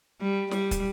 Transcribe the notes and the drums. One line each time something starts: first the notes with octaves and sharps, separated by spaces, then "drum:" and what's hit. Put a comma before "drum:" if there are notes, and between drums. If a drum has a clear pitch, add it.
G3
G3, drum: snare
drum: kick, hi-hat